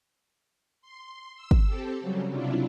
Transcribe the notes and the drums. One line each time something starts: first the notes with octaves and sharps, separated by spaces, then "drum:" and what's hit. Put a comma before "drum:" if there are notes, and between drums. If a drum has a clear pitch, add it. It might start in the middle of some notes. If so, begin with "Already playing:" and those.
C6
E6
drum: kick
C4 G4 A4
C#3 F#3 G3
C3 F#3 D4 E4 F4